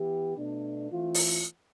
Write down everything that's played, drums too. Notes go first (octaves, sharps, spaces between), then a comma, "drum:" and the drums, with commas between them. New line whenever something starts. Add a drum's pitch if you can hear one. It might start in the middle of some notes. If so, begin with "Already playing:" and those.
Already playing: E3 B3 E4 G4
B2 A3 D4
E3 A3 C4 F4
drum: open hi-hat